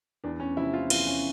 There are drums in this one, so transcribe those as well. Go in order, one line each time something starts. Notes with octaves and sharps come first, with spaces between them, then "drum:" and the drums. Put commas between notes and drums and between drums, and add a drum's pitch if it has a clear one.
E2 D4
C#4
C3 F3 E4
F4
E2 F4, drum: cymbal
C#4